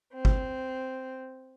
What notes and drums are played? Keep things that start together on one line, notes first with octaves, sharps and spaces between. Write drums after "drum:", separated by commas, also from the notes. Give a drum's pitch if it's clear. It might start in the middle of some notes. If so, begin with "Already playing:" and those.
C4
drum: kick G1